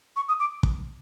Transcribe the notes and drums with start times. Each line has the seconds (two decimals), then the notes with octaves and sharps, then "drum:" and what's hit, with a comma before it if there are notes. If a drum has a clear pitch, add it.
0.16 C#6
0.28 D#6
0.39 D6
0.63 drum: kick